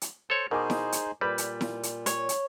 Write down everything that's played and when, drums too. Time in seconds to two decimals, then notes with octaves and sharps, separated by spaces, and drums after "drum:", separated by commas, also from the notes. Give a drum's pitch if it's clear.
0.01 drum: hi-hat
0.30 A4 C5 C#5
0.51 B2 D#4 G#4 A#4 C5 G#5 D6
0.70 drum: snare E4
0.92 drum: hi-hat
1.21 A#2 G3 B4 D5 B5
1.38 drum: hi-hat
1.61 drum: snare E4
1.83 drum: hi-hat
2.06 C#5, drum: hi-hat
2.29 drum: hi-hat